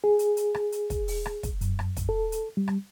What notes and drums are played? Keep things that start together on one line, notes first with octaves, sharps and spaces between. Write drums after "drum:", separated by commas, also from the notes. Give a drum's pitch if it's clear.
G#4
drum: hi-hat
drum: hi-hat
drum: rim click
drum: hi-hat
drum: kick, hi-hat
drum: open hi-hat
drum: rim click
drum: kick, hi-hat
F#2, drum: hi-hat
drum: rim click
drum: kick, hi-hat
A4
drum: hi-hat
G3
drum: rim click